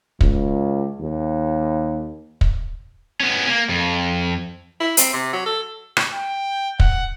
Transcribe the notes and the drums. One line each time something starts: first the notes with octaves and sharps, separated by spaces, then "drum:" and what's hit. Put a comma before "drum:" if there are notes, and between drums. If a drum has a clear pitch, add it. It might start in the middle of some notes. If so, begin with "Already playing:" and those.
C#2, drum: kick
D#2
drum: kick
B3 C#4
A#3
F2
E4
C4, drum: hi-hat
C3
F#3
A4
drum: rim click
G5
F#5, drum: kick